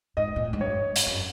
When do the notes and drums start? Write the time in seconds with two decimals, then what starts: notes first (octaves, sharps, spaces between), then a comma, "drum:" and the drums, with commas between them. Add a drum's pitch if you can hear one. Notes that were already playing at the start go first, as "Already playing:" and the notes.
0.17 G#2 D#5
0.36 A#2
0.44 A2
0.53 G#2
0.61 G2 C#5
0.96 drum: hi-hat
1.06 F#2